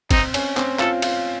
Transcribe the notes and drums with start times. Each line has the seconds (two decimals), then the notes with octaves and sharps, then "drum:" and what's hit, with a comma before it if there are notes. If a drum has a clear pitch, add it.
0.11 C4 D#4, drum: kick, cymbal
0.34 C#4, drum: cymbal
0.57 C4, drum: clap
0.79 F4 A4, drum: clap
1.02 F4, drum: cymbal